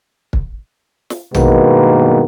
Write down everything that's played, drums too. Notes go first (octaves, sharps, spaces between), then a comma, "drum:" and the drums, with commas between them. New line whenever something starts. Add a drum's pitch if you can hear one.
drum: kick
drum: snare
G2 B2 D#3 G#3 A#3 B3, drum: tom A#1